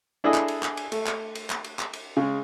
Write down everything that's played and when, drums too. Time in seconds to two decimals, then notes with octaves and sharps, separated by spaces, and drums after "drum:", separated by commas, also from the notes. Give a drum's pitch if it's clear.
0.24 D4 E4 G#4 A4 D#5
0.34 drum: clap
0.48 drum: cymbal
0.63 drum: clap
0.77 drum: cymbal
0.92 A3, drum: cymbal
1.06 drum: clap
1.35 drum: cymbal
1.50 drum: clap
1.64 drum: cymbal
1.79 drum: clap
1.93 drum: cymbal
2.17 C#3 G#3